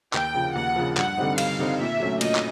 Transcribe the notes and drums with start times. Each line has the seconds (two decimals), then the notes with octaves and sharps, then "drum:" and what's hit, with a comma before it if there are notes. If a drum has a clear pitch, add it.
0.13 D#2 G5, drum: clap
0.34 C#3 F3
0.55 D#2 F#5
0.76 C#3 F3
0.97 G2 F#5, drum: clap
1.17 D3 G3 C4 D#4
1.38 G2 F5, drum: cymbal
1.59 D3 G3 C4 D#4
1.80 A#2 E5
2.00 F#3 A3 C#4
2.21 A#2 D#5, drum: cymbal
2.35 drum: clap